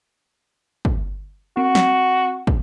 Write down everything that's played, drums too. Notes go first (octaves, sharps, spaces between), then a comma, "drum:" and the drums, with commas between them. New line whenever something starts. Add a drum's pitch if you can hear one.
drum: kick
C4 F#4
drum: snare
drum: kick